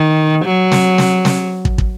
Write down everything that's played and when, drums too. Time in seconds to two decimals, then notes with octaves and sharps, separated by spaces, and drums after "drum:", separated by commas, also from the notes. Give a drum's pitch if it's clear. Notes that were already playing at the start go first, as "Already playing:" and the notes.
Already playing: D#3
0.45 F#3
0.72 drum: snare
0.98 drum: snare
1.25 drum: snare
1.65 drum: kick
1.78 drum: kick